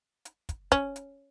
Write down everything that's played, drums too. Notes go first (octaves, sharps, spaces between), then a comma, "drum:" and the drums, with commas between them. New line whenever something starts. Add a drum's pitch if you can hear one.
drum: hi-hat
drum: kick, hi-hat
C#4, drum: kick, hi-hat
drum: hi-hat